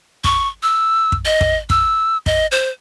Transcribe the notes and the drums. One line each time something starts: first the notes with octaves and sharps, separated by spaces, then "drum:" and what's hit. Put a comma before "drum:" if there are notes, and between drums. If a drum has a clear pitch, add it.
C#6, drum: kick
E6
drum: kick
D#5
drum: kick
E6, drum: kick
D#5, drum: kick
C5